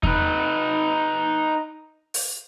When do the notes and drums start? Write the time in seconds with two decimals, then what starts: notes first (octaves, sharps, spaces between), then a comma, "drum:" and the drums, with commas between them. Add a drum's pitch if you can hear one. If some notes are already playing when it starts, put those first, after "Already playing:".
0.03 D#4 B4, drum: kick E2
2.14 drum: open hi-hat